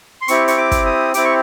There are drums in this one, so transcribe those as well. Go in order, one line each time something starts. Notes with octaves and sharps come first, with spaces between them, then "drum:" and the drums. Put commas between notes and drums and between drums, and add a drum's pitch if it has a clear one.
C6
C4 E4 G4 C#6, drum: hi-hat
C#6, drum: hi-hat
D6
drum: kick, hi-hat
D#6
C4 E4 G4 D6, drum: hi-hat
C#6